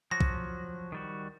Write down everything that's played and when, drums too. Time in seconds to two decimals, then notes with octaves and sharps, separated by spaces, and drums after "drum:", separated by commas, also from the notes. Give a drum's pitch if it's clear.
0.11 F3 F#3 F#4 A#6
0.21 drum: kick
0.92 D#3 G3 F#4